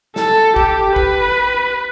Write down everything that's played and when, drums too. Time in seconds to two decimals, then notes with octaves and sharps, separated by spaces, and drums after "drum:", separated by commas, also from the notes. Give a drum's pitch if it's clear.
0.16 A4, drum: snare
0.56 G4, drum: kick
0.96 B4, drum: kick